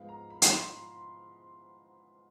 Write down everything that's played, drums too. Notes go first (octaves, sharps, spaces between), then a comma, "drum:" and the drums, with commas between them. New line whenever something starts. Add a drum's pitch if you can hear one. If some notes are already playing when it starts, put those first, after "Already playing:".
Already playing: G#2 F3 G#3 B3 F5
A#5
B5
B5, drum: hi-hat
C6